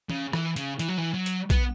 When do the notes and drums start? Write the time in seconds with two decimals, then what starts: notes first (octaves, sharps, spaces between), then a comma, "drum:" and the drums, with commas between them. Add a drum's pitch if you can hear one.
0.10 C#3, drum: tom
0.33 E3, drum: rim click
0.56 C#3, drum: hi-hat
0.79 E3, drum: hi-hat
0.88 F#3
0.98 E3
1.14 F#3
1.26 drum: hi-hat
1.50 B3, drum: kick A#1, hi-hat